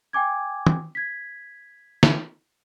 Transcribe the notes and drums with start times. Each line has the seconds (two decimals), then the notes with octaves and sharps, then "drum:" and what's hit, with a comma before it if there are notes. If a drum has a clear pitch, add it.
0.13 G5 G#5 D6 G#6
0.67 drum: tom
0.95 G#6 B6
2.03 drum: snare